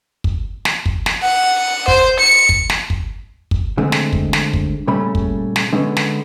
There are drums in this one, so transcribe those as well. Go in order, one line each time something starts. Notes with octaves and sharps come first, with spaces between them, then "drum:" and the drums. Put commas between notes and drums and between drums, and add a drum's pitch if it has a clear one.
drum: kick
drum: snare
drum: kick
drum: snare
F#5
C5, drum: kick
C#7
drum: kick
drum: snare
drum: kick
drum: kick
D3 G#3 A3 C4
drum: snare
drum: kick
drum: snare
drum: kick
A#2 C#3 G3 A3 C#4 B5
drum: kick
drum: snare
D3 G#3 B3 C#4
drum: snare